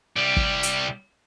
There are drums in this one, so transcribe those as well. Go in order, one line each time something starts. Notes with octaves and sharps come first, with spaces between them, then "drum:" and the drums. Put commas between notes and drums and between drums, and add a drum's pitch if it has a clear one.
C2 G3
drum: kick
drum: hi-hat